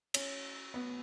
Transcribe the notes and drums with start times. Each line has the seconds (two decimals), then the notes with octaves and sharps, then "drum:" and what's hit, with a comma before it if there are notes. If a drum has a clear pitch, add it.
0.14 C#4, drum: cymbal
0.74 B3